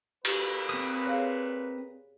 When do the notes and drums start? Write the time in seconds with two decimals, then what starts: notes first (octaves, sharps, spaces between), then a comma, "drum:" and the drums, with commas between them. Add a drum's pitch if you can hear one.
0.25 A#2 G4 B4, drum: cymbal
0.69 C4 D#6
1.05 G#4 C#5 F5